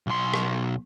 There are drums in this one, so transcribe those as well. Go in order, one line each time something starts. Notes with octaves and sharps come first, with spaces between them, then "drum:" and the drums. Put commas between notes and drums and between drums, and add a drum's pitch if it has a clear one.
B1 C6
drum: rim click